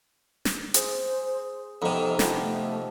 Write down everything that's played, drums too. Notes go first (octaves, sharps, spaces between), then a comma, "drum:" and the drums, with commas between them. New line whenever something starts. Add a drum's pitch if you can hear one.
drum: snare
G#4 C5, drum: hi-hat
F2 C3 B3 D#4 A4 E5
F3 B3 G4, drum: snare
A3